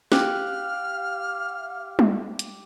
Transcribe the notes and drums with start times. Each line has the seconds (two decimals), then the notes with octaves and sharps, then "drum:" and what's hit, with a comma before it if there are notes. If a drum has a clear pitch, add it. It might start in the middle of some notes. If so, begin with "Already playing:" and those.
0.12 G4 F5 F6 F#6, drum: snare
1.99 drum: tom G3
2.39 drum: hi-hat